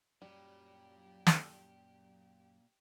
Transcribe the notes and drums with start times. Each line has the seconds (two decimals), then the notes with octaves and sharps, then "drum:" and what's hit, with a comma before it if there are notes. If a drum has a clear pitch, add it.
0.22 F#2 A#2 F#3 G3 G4
1.27 drum: snare